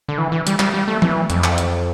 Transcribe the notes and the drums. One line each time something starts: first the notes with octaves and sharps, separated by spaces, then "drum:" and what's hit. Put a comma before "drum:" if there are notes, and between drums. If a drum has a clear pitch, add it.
D3
E3
E3
G3, drum: hi-hat
G3, drum: clap
G3
A3
E3, drum: tom E3
F2, drum: hi-hat
drum: clap
drum: hi-hat